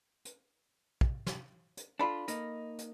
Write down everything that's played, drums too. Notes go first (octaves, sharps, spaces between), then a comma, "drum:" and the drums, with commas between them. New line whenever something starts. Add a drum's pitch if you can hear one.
drum: hi-hat
drum: kick
drum: snare
drum: hi-hat
D4 F4 A4 B5
A#3 D#4, drum: hi-hat
drum: hi-hat